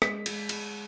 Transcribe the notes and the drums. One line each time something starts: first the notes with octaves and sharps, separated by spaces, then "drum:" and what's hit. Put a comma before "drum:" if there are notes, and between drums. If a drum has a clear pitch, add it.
G#3 B6, drum: rim click
G#3, drum: cymbal
G#3, drum: cymbal